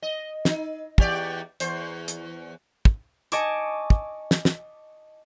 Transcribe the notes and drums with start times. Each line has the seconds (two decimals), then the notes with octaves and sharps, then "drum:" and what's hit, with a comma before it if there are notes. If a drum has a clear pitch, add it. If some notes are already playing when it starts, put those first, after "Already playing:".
0.02 D#5
0.45 D#4, drum: snare
0.98 E2 G4 D5, drum: kick
1.60 E2 C5, drum: hi-hat
2.08 drum: hi-hat
2.85 drum: kick
3.32 D#5 G#5 A5 C#6 D6, drum: hi-hat
3.90 drum: kick
4.31 drum: snare
4.45 drum: snare